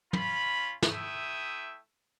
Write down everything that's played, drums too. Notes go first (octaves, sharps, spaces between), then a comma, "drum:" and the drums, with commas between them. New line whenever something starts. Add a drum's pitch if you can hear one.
C#4 F4 B5, drum: tom
A3 E4 E5 G5 D#6, drum: snare